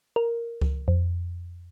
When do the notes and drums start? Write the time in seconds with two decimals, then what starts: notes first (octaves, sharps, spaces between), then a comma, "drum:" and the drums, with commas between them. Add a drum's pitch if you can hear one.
0.16 A#4
0.61 drum: kick C#2
0.88 F2